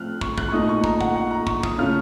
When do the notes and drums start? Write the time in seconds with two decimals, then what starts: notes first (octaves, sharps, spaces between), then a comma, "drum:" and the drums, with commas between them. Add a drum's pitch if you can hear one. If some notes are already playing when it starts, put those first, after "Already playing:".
Already playing: A2 F3 A3 C4 F6 F#6
0.21 C#6, drum: kick
0.38 F#6, drum: kick
0.49 C#6
0.52 A#2 A3 D#4 D#6
0.69 C#6
0.84 A#5, drum: kick
1.01 F#5, drum: kick
1.16 F#5
1.31 A#5
1.47 C#6, drum: kick
1.63 D#6, drum: kick
1.78 C#3 A3 C#4 F4 F6